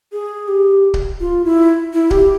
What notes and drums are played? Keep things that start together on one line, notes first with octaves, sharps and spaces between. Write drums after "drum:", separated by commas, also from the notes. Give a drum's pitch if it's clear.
G#4
G4
drum: kick C#1
F4
E4
E4
G4, drum: kick C#1